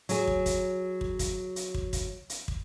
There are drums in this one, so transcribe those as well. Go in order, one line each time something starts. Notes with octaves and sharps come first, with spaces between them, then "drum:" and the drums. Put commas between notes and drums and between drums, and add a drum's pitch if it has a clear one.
F#3 G#4, drum: hi-hat
drum: kick
drum: kick, hi-hat
drum: kick
drum: kick, hi-hat
drum: hi-hat
drum: kick
drum: kick, hi-hat
drum: hi-hat
drum: kick